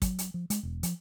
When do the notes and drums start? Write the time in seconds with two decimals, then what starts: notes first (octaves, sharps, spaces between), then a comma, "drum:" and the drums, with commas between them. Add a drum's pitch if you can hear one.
0.02 F#3, drum: kick, hi-hat
0.19 drum: hi-hat
0.34 F3
0.50 G#3, drum: hi-hat
0.63 E1
0.83 F3, drum: hi-hat